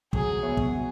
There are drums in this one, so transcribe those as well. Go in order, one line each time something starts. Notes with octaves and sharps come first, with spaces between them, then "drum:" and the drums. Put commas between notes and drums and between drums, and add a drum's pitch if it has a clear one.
F#3 G#4, drum: kick
B3 F#4 C#5 E5
drum: kick
F#3